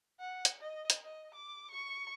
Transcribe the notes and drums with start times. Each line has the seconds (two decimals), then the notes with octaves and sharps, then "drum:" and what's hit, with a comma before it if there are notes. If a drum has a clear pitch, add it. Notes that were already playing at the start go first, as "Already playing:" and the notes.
0.20 F#5
0.45 drum: hi-hat
0.61 D#5
0.90 drum: hi-hat
1.04 D#5
1.34 D6
1.71 C#6